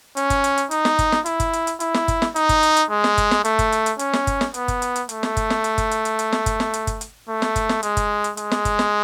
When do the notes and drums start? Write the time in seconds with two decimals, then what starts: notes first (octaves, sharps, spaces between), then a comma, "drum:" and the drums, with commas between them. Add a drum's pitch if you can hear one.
0.17 C#4, drum: hi-hat
0.30 drum: kick G1, hi-hat
0.44 drum: hi-hat
0.58 drum: hi-hat
0.71 D#4, drum: hi-hat
0.85 drum: snare
0.99 drum: kick G1, hi-hat
1.12 drum: snare
1.26 E4, drum: hi-hat
1.40 drum: kick G1, hi-hat
1.53 drum: hi-hat
1.67 drum: hi-hat
1.80 E4, drum: hi-hat
1.94 drum: snare
2.08 drum: kick G1, hi-hat
2.22 drum: snare
2.36 D#4, drum: hi-hat
2.49 drum: kick G1, hi-hat
2.63 drum: hi-hat
2.77 drum: hi-hat
2.91 G#3
3.04 drum: snare
3.18 drum: kick G1, hi-hat
3.31 drum: snare
3.45 A3, drum: hi-hat
3.59 drum: kick G1, hi-hat
3.72 drum: hi-hat
3.86 drum: hi-hat
3.99 C#4, drum: hi-hat
4.13 drum: snare
4.27 drum: kick G1, hi-hat
4.41 drum: snare
4.54 B3, drum: hi-hat
4.68 drum: kick G1, hi-hat
4.82 drum: hi-hat
4.96 drum: hi-hat
5.09 A3, drum: hi-hat
5.23 drum: snare
5.37 drum: kick G1, hi-hat
5.50 drum: snare
5.64 drum: hi-hat
5.78 drum: kick G1, hi-hat
5.91 drum: hi-hat
6.05 drum: hi-hat
6.19 drum: hi-hat
6.32 drum: snare
6.46 drum: kick G1, hi-hat
6.60 drum: snare
6.74 drum: hi-hat
6.87 drum: kick G1, hi-hat
7.01 drum: hi-hat
7.29 A3
7.42 drum: snare
7.56 drum: kick G1, hi-hat
7.69 drum: snare
7.83 G#3, drum: hi-hat
7.97 drum: kick G1, hi-hat
8.24 drum: hi-hat
8.37 G#3, drum: hi-hat
8.51 drum: snare
8.65 drum: kick G1, hi-hat
8.79 drum: snare